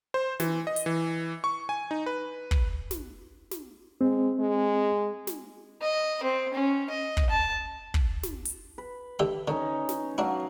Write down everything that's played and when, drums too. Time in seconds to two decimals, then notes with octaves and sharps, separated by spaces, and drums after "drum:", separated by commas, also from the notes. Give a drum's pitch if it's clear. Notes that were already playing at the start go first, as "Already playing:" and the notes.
0.14 C5
0.40 E3, drum: snare
0.67 D#5
0.76 drum: hi-hat
0.86 E3
1.44 C#6
1.69 G#5
1.91 D#4
2.06 B4
2.51 drum: kick
2.91 drum: snare
3.51 drum: snare
4.01 G#3 C4
4.39 G#3
5.27 drum: snare
5.82 D#5
6.23 C4
6.53 C#4
6.90 D#5
7.17 drum: kick
7.29 A5
7.94 drum: kick
8.23 drum: snare
8.45 drum: hi-hat
8.78 B4
9.19 D3 G4 E5
9.48 D3 C#4 D#4 C#5
9.89 drum: snare
10.18 F#3 D4 E4 F5